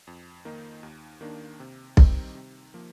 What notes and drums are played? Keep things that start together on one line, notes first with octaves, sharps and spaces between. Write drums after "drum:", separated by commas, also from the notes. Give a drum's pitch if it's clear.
F2
D#3 A#3 D#4
D#2
D#3 A#3 D4
C3
D#3 G3 C4 D#4, drum: kick B1
C3
F3 A#3